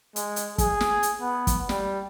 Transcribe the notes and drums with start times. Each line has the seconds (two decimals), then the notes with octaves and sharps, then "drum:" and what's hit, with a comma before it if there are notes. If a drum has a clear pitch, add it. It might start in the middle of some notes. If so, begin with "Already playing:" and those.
0.16 G#3, drum: hi-hat
0.36 drum: hi-hat
0.58 G#4, drum: kick, hi-hat
0.81 drum: snare
1.03 drum: hi-hat
1.21 B3
1.47 drum: kick, hi-hat
1.69 G3, drum: snare